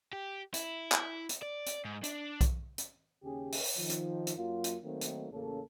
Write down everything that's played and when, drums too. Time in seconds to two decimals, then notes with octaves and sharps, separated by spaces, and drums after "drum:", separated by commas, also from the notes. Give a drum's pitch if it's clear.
0.13 G4
0.54 E4, drum: hi-hat
0.92 drum: clap
1.29 drum: hi-hat
1.43 D5
1.66 drum: hi-hat
1.85 G#2
2.03 D4, drum: hi-hat
2.41 drum: kick B1, hi-hat
2.78 drum: hi-hat
3.24 D#2 C#3 C#4 G4 G#4
3.52 drum: open hi-hat
3.78 D#3 F3
3.90 drum: hi-hat
4.27 drum: hi-hat
4.37 F#2 F#3 A#3 F4
4.64 drum: hi-hat
4.84 D#3 F#3 A3 A#3 C4 D#4
5.01 drum: hi-hat
5.33 A1 C#3 A#3 C#4 A4